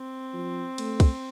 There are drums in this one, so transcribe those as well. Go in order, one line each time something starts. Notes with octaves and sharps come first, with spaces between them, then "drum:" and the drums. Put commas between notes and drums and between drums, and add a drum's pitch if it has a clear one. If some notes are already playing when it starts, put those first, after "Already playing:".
Already playing: C4
F3
A3, drum: cymbal
drum: kick, cymbal